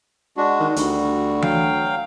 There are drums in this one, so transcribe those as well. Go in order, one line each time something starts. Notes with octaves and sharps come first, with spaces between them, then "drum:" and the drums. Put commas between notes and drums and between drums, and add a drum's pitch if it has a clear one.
G#3 D4 F#4
D#3
D2 G3 F#4, drum: hi-hat
F#3 F5 G5, drum: tom E3